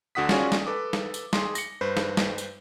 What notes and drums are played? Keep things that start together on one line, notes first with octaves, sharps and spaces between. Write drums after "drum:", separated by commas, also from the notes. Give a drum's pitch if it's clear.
D2 D3 F#4 F#5 D#6 B6
C#4 F4 F#4 G#4 D5 G#5, drum: snare
drum: snare
A4 B4 D6
drum: snare
drum: tambourine
G#4 C6, drum: snare
A#6 C#7, drum: tambourine
G2 B4 C5
drum: snare
drum: snare
drum: tambourine